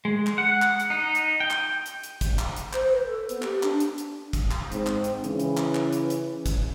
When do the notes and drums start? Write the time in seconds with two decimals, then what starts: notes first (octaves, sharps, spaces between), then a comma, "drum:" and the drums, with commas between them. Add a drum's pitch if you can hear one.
0.05 G#3
0.27 drum: clap
0.38 F#5
0.62 drum: clap
0.80 drum: hi-hat
0.90 D#4
1.15 drum: hi-hat
1.40 G5
1.50 drum: clap
1.86 drum: hi-hat
2.03 drum: hi-hat
2.21 drum: kick, hi-hat
2.39 drum: clap
2.56 drum: hi-hat
2.73 C5, drum: clap
2.92 B4
3.06 A4
3.29 B3, drum: hi-hat
3.42 G4, drum: clap
3.63 D4, drum: clap
3.80 drum: hi-hat
3.98 drum: hi-hat
4.33 drum: kick, hi-hat
4.51 drum: clap
4.72 G#2 C4, drum: hi-hat
4.86 drum: clap
5.04 drum: hi-hat
5.24 C#3 E3, drum: hi-hat
5.39 drum: hi-hat
5.57 drum: clap
5.75 drum: clap
5.93 drum: hi-hat
6.10 drum: hi-hat
6.46 drum: kick, hi-hat